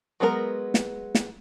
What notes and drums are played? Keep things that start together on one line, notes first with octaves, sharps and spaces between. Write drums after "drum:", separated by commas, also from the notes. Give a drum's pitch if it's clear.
F#3 G#3 B3 D4 A#4
drum: snare
drum: snare